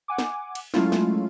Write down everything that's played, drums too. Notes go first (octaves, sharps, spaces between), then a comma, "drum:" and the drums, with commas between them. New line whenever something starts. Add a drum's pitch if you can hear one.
F#5 G#5 D6
drum: snare
drum: cymbal
F#3 G#3 A3 C#4 E4 F4, drum: snare
drum: snare